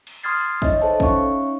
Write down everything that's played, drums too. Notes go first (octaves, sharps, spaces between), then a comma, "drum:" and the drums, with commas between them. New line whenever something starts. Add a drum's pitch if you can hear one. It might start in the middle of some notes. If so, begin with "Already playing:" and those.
drum: cymbal
C6 D#6 F6 G#6 A6 C7
D#4 C#5 D#5 E5, drum: kick
A4 C5 A5
C#4 D#4 C#5 E5 F5 C#6, drum: kick